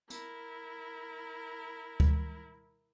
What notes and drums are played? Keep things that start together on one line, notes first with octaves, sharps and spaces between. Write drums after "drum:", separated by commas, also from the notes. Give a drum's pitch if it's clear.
E4 A#4, drum: hi-hat
drum: kick D2